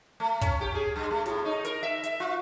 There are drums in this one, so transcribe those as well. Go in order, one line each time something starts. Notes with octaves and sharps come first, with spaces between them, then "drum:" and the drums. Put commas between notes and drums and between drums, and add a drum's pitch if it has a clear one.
A3
C#4, drum: kick, hi-hat
G4
G#4
F#2
A3
A2, drum: snare
D#4
A#4, drum: hi-hat
E5
E5, drum: hi-hat
F4